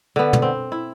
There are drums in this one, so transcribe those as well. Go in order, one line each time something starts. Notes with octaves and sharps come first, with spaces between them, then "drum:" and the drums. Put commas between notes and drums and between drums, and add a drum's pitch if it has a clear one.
D3 B3
drum: tom
C4
E4